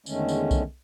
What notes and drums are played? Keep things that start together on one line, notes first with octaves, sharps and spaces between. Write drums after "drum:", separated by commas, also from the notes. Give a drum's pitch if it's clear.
E2 D3 D#3 G#3 A3 C#4, drum: tambourine
drum: tambourine
drum: kick B1, tambourine